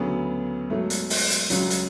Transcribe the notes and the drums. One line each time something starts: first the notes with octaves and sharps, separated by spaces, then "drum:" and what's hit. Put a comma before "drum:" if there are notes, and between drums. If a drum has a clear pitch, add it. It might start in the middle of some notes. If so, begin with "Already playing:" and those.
Already playing: D2 C#3 F#3 B3
G#2 F#3 A3
drum: hi-hat
drum: open hi-hat
drum: hi-hat
C#2 C#3 F#3, drum: hi-hat
drum: hi-hat